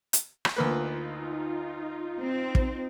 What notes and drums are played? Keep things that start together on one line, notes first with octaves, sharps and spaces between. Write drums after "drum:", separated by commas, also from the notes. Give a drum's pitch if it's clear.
drum: hi-hat
drum: rim click
D2 A#3 D#4 F4 B4
C4
drum: kick